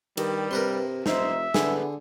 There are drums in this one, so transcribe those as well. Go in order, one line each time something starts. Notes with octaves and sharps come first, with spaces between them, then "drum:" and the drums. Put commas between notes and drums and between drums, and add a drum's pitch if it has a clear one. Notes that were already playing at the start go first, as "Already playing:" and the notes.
G2 D#3 G3, drum: cymbal
C3 A#4 B4 C6
F1 D#4 C5 E5, drum: snare
E2 D3 A3 B3 G#4, drum: snare